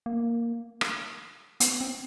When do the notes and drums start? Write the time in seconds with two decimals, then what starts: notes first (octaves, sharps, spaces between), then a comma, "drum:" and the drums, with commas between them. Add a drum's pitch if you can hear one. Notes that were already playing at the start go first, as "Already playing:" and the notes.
0.06 A#3
0.81 drum: rim click
1.60 B3, drum: hi-hat
1.81 C4